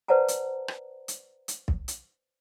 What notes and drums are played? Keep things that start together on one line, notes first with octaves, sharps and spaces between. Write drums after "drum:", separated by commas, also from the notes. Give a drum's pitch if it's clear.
B4 C5 D5 F#5 A5 A#5
drum: hi-hat
drum: rim click
drum: hi-hat
drum: hi-hat
drum: kick
drum: hi-hat